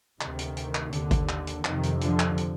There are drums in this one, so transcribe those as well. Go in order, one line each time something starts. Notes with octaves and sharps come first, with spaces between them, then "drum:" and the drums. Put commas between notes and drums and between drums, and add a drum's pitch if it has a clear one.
D2 C3 D#3, drum: clap
drum: hi-hat
drum: hi-hat
drum: clap
D#2 D3, drum: hi-hat
drum: kick G#1, hi-hat
drum: clap
drum: hi-hat
F2 C3 D#3, drum: clap
drum: hi-hat
D3 F3, drum: hi-hat
drum: clap
drum: hi-hat